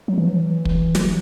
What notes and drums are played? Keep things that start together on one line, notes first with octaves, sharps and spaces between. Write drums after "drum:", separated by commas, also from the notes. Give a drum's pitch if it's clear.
F#3
E3
F#3
E3
drum: kick
F#3, drum: snare